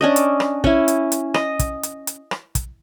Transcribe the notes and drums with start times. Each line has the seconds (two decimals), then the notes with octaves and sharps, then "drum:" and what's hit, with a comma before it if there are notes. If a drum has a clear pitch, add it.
0.01 C#4 D4 D#5
0.16 drum: hi-hat
0.40 drum: rim click
0.64 C#4 E4, drum: kick
0.88 drum: hi-hat
1.12 drum: hi-hat
1.34 D#5, drum: rim click
1.59 drum: kick, hi-hat
1.83 drum: hi-hat
2.07 drum: hi-hat
2.31 drum: rim click
2.55 drum: kick, hi-hat